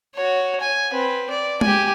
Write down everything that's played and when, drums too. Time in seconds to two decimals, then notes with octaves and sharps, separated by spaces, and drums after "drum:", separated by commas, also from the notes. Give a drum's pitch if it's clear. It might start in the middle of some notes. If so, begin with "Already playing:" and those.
0.14 F#4 C#5
0.61 G#5
0.91 C4 B4
1.30 D5
1.61 G4 G#5, drum: tom G#3